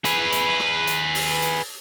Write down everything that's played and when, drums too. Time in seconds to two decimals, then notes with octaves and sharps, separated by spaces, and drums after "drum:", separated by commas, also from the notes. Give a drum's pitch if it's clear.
0.05 G#4 B4, drum: hi-hat
0.32 drum: hi-hat
0.60 drum: rim click
0.87 drum: hi-hat
1.15 drum: open hi-hat
1.42 drum: hi-hat